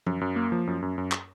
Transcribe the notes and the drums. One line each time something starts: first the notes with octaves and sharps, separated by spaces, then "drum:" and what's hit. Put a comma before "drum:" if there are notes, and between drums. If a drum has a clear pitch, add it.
F#2, drum: tom F3
F#2
A#3
F3
F#2
F#2
F#2
drum: clap